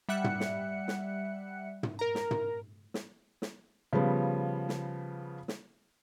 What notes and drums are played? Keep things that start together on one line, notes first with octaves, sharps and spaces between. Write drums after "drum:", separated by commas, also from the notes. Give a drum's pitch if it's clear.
G3 E5 F#5 F#6 C#7
drum: tom
drum: snare
drum: snare
drum: tom
A#4 A#5
drum: snare
drum: tom
drum: snare
drum: snare
C#3 F3 G3 B3
drum: snare
drum: snare